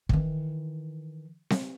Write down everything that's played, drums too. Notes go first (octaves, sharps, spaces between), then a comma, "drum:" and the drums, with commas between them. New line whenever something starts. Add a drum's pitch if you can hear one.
D#3 E3, drum: kick
drum: snare C4